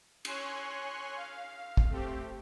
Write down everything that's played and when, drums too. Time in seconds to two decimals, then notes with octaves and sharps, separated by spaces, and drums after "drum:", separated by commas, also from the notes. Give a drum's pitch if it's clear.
0.25 C#5 G#5 C6 C#6 F#6, drum: cymbal
1.16 F5
1.77 drum: kick
1.90 A3 C4 G4